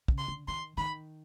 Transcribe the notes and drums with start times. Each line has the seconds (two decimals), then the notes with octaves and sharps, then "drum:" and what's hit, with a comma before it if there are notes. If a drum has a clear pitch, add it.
0.08 C#3, drum: kick
0.18 C6
0.28 D3
0.48 D#3 C6
0.78 D#3 B5